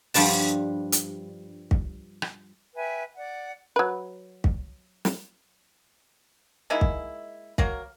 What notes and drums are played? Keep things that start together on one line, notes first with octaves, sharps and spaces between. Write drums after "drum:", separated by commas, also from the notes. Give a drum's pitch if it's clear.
G2 F3 G3 D4 A5, drum: open hi-hat
drum: hi-hat
drum: kick
drum: rim click
B4 E5 G5 G#5
D5 F#5
F#3 B4
drum: kick
drum: snare
G#3 A#3 D#4 E4
drum: kick
F#3 A#3 A#4, drum: kick